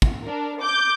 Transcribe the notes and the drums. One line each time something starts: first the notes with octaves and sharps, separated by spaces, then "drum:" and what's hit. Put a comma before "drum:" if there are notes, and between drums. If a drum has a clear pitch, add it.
drum: kick
D4 A#4
D6 G6